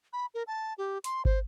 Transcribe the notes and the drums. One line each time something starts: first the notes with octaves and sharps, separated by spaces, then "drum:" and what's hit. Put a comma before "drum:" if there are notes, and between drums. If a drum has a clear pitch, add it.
B5
A#4
A5
G4
C6, drum: hi-hat
C5, drum: kick